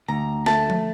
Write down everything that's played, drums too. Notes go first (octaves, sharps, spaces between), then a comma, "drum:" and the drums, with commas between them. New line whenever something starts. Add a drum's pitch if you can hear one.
D2 A#5
A3 A5, drum: snare
drum: tom F3